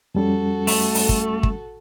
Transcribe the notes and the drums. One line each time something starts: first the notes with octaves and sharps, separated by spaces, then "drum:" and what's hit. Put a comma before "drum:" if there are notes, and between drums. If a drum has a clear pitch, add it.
F2 G3 C#4 F#4 A4
A3, drum: open hi-hat
drum: open hi-hat
drum: kick
drum: kick